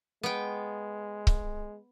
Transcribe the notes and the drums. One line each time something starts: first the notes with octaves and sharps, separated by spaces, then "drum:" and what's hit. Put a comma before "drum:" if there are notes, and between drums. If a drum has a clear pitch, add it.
G#3 B3 G5
drum: kick C#1